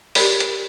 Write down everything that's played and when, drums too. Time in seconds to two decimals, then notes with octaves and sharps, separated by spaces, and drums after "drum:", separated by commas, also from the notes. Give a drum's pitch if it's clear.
0.15 G4 A#4 D5 B5 B6, drum: open hi-hat
0.40 drum: hi-hat